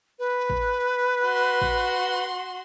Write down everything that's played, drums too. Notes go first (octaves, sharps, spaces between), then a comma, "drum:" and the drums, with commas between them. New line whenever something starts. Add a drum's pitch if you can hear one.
B4
drum: kick A1
F#4 C6
drum: kick A1